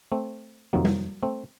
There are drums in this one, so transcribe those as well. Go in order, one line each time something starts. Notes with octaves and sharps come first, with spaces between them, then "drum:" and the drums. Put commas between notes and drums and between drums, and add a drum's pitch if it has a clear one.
A3 C4
F2 C3 D#3 F#3 A#3
drum: tom G3
A3 C4